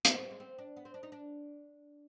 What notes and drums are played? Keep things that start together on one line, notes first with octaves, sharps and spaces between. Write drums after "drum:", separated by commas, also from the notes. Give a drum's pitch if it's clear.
C4, drum: hi-hat
B3
G#3
G3
G#3
C4
D4
B3
C4
D4
D#4
D4